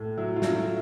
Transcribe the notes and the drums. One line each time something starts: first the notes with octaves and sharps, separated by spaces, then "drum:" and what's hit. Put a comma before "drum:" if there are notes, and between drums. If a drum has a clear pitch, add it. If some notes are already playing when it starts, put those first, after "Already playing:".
Already playing: A2
F#3 E4
F4
F#3, drum: snare
E4